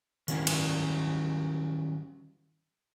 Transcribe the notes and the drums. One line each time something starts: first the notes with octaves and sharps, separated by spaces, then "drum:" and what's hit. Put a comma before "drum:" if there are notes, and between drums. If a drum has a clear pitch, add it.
D#3 F#3 G3 C4 C#4 E4, drum: tambourine
drum: cymbal